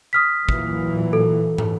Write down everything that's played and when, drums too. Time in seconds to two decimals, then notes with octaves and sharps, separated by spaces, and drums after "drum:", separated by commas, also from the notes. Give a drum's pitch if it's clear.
0.13 D#6 F6 B6
0.49 A#2 E3 F#3, drum: kick
1.13 A4
1.58 drum: tom